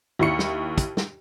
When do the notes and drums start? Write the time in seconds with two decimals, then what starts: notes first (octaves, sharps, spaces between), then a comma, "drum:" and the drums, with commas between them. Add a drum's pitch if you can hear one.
0.19 D#2 E4 C#6 C#7
0.39 drum: snare
0.78 drum: kick, hi-hat
0.97 drum: snare